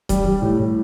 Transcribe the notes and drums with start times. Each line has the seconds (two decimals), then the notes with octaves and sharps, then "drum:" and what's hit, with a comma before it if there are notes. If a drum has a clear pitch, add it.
0.09 G3, drum: kick D#1, hi-hat
0.25 G3
0.42 A2
0.59 A2